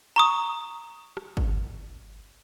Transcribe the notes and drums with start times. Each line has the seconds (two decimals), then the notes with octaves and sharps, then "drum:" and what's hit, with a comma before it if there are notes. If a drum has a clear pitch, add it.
0.16 A#5 C#6 D#6
1.17 drum: rim click
1.37 drum: kick